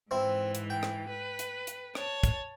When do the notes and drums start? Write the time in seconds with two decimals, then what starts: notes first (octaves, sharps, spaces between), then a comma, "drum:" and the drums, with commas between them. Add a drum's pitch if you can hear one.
0.11 G#2 E3 C4 E4
0.55 drum: hi-hat
0.70 G5
0.83 drum: rim click
1.07 B4
1.39 drum: hi-hat
1.67 drum: hi-hat
1.95 C#5 A5, drum: rim click
2.24 drum: kick, hi-hat